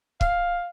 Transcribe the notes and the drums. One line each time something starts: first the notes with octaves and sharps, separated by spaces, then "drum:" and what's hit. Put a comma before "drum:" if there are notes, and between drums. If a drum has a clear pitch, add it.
F5, drum: kick